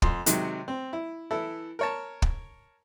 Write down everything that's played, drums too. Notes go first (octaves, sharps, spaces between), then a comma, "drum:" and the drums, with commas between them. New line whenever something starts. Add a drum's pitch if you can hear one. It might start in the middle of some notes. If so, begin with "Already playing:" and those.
F2 C6, drum: kick
C3 D#3 F#3 G#3, drum: hi-hat
C4
E4
E3 E4 A4
A#4 C#5 A5
drum: kick